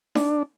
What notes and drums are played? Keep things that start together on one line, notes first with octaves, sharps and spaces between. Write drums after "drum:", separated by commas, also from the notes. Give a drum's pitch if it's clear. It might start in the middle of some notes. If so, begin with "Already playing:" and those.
D4, drum: snare D#4